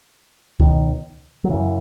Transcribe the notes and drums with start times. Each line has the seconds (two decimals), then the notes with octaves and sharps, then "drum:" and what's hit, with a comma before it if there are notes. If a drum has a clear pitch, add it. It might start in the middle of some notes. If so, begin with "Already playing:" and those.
0.60 C#2 B2 D#3, drum: kick C#2
1.44 F#3
1.50 F#2 C#3 E3